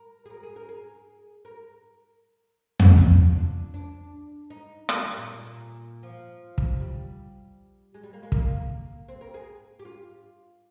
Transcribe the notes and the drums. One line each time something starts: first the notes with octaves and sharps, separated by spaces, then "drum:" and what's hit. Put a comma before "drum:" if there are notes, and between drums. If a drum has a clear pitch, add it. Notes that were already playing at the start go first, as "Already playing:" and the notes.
Already playing: A#4
G#4
A#4
G#4
A#4
G#4
A#4
drum: tom
F4, drum: kick
D4
D4
D#4
G3, drum: rim click
D#3
A#2
F3
drum: kick
G3
G#3
G3
A#3
G#3
A#3, drum: kick
C4
A#4
G#4
G4
F4